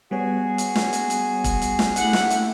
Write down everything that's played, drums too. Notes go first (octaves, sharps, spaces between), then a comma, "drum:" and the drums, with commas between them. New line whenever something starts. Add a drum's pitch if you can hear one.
G3 B3 F#4 G#4 C#5
drum: hi-hat
drum: snare
drum: hi-hat
drum: hi-hat
drum: kick, hi-hat
drum: hi-hat
drum: snare
A3 E4 G4 F#5, drum: hi-hat
drum: snare
drum: hi-hat